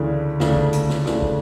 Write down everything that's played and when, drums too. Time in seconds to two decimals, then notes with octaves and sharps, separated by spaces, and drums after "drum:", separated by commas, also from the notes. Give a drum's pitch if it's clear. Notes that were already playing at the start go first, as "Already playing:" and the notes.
Already playing: D2 C#3 E3 A3 D4
0.40 D2 C#3 E3 A3 D4, drum: snare
0.56 drum: kick
0.73 drum: hi-hat
0.89 drum: snare
1.06 D2 C#3 E3 A3 D4, drum: snare
1.22 drum: kick